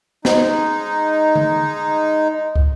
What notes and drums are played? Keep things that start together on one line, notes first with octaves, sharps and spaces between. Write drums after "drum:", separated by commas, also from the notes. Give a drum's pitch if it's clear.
G#3 D#4, drum: snare
drum: tom D3
drum: kick